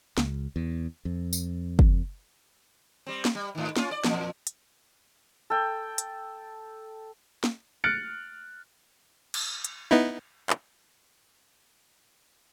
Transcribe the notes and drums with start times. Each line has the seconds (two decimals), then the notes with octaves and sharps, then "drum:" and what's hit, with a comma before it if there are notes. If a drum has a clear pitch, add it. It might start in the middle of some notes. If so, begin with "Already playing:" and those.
0.18 C#2, drum: snare
0.56 E2
1.05 F2
1.33 drum: tambourine
1.79 drum: kick
3.06 G3 C4
3.25 drum: snare
3.35 G3
3.55 G#2 D#3
3.76 C#4 F4, drum: snare
3.91 D5
4.04 E2 A#2, drum: snare
4.47 drum: hi-hat
5.50 A4 G5
5.98 drum: hi-hat
7.44 drum: snare
7.84 F6 F#6 A6 C#7 D7
9.34 drum: cymbal
9.64 drum: hi-hat
9.91 B3 D#4 E4
10.50 drum: clap